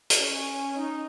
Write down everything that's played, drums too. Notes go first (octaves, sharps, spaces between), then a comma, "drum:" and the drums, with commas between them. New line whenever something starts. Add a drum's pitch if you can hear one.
drum: hi-hat
C#4
D#4